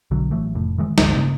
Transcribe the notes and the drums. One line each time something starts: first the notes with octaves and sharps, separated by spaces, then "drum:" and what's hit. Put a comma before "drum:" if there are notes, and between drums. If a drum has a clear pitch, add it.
B1 D3 F#3
A1 E3 F#3 A3
F1 A2
D#3 E3 G#3
G#1 D2, drum: snare
G2 C#3 A#3